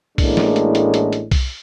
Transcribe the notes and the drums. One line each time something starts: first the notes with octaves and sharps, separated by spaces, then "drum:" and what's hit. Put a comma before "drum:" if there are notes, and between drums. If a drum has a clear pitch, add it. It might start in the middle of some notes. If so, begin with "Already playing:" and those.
A1 A2 G#3 A#3 D4, drum: kick B1, open hi-hat
drum: snare
drum: hi-hat
drum: hi-hat
drum: hi-hat
drum: hi-hat
drum: kick B1, open hi-hat